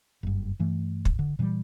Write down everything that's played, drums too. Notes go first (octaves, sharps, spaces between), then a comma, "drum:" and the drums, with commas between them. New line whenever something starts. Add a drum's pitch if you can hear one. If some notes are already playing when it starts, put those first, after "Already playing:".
F#1 G2
G2 E3 A3
drum: kick
D3
A#2 E3 F#3 G3